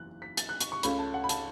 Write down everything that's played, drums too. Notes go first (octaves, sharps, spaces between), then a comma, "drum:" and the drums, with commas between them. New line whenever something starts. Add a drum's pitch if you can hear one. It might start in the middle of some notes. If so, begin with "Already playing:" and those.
Already playing: F#1 E2 E3 F#6
B6
A6, drum: hi-hat
F#6
C#6, drum: hi-hat
C#6
C#2 C#3 A3 C#4 B5, drum: hi-hat
A5
F#5
B5
A5, drum: hi-hat